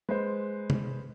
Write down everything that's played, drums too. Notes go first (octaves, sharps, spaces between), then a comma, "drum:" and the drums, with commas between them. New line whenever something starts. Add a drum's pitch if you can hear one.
G#3 B4 C5
drum: tom